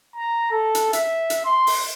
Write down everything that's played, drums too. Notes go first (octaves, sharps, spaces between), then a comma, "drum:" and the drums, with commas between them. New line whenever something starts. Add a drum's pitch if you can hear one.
A#5
A4
drum: hi-hat
E5, drum: hi-hat
drum: hi-hat
C6
drum: open hi-hat